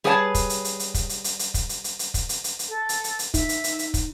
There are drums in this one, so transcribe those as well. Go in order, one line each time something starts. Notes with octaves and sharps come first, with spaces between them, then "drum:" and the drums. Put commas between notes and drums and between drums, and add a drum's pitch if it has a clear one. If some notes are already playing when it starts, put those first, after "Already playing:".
G3 G#4 B4 C#5 F#5 A5
drum: kick, hi-hat
drum: hi-hat
drum: hi-hat
drum: hi-hat
drum: kick, hi-hat
drum: hi-hat
drum: hi-hat
drum: hi-hat
drum: kick, hi-hat
drum: hi-hat
drum: hi-hat
drum: hi-hat
drum: kick, hi-hat
drum: hi-hat
drum: hi-hat
drum: hi-hat
A4
drum: hi-hat
drum: hi-hat
drum: hi-hat
D#4 E5, drum: kick, hi-hat
drum: hi-hat
drum: hi-hat
drum: hi-hat
drum: kick, hi-hat